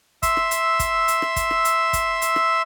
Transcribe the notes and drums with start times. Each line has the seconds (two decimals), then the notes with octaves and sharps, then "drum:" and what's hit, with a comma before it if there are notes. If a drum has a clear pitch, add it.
0.23 E5 C6 E6, drum: kick, hi-hat
0.37 drum: rim click
0.51 drum: hi-hat
0.79 drum: kick, hi-hat
1.08 drum: hi-hat
1.22 drum: rim click
1.36 drum: kick, hi-hat
1.51 drum: rim click
1.65 drum: hi-hat
1.93 drum: kick, hi-hat
2.22 drum: hi-hat
2.36 drum: rim click